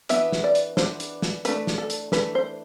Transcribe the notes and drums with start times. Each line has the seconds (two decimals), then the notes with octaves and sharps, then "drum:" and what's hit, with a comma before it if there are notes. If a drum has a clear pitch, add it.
0.09 E3 B3 D4 E5, drum: hi-hat
0.32 drum: snare
0.44 D5
0.55 drum: hi-hat
0.77 E3 B3 D4 C5, drum: snare
1.00 drum: hi-hat
1.22 drum: snare
1.45 E3 A3 D4 B4, drum: hi-hat
1.67 drum: snare
1.78 A4
1.90 drum: hi-hat
2.12 E3 A3 D4 B4, drum: snare
2.35 C5